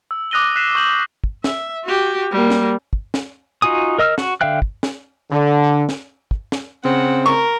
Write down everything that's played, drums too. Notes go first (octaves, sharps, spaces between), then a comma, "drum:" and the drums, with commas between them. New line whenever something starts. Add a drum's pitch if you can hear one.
E6
D6 D#6 F#6 A#6 D#7 G7
F#6 B6 C7 E7
C#6 G6 F#7
drum: kick
E5, drum: snare
F#4 G4
G3 A#3
drum: snare
drum: kick
drum: snare
D#4 F4 F#4 G#5 D#6
A#4 D#5 E6 F6
F#4, drum: snare
D3 E5 F5 G5 F#6
drum: kick
drum: snare
D3
drum: snare
drum: kick
drum: snare
C#3 C4 F#5
A#4 C#6